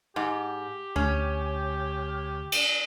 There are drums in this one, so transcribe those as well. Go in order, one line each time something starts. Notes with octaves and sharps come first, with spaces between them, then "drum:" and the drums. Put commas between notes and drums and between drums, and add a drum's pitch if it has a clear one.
G#2 G4
D2 C#4
drum: cymbal